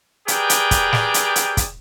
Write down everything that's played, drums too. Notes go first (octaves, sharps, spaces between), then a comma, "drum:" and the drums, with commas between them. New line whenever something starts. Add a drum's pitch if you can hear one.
G4 G#4 A#4 B4 D5 G5, drum: hi-hat
drum: hi-hat
drum: kick, hi-hat
drum: snare
drum: hi-hat
drum: hi-hat
drum: kick, hi-hat